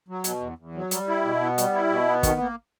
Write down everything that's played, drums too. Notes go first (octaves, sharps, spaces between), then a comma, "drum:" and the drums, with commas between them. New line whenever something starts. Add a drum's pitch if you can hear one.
F#3
B2, drum: hi-hat
E2
E2
F#3
G3, drum: hi-hat
E4
B2
B3
G3, drum: hi-hat
E4
B2
B3
D#3, drum: kick, hi-hat
A#3